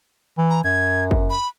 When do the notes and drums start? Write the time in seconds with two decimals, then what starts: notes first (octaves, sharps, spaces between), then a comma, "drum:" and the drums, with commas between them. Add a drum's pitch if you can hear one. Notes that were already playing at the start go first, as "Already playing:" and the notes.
0.38 E3
0.50 A#5
0.64 F#2 G#6
1.11 drum: kick
1.30 B5